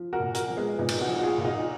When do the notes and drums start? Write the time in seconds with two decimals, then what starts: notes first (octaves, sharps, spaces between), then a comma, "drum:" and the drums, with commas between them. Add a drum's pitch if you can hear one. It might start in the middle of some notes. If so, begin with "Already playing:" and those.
Already playing: F3
0.13 F#4 A#4
0.20 A#2
0.34 F#4 A#4, drum: hi-hat
0.50 F3
0.57 G#3 B3
0.78 A#2 B3 D#4
0.89 drum: cymbal
1.01 D#4 F#4
1.08 F3
1.18 F#4
1.23 F4 G#4
1.38 A#2 F4
1.44 D#4 F#4